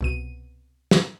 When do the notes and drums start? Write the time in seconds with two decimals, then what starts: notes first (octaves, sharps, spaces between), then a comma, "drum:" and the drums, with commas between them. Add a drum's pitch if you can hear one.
0.01 C2 B2 D#7
0.91 drum: snare